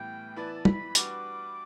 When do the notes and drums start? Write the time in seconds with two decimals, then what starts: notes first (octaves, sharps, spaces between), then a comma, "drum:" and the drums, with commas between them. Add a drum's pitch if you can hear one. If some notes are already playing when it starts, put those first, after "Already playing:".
Already playing: A2 E3 G3 B3 G5
0.36 E3 B3 E4 B4 D5 A5
0.65 B5, drum: tom
0.95 G3 D4 F#4 B4 D6, drum: hi-hat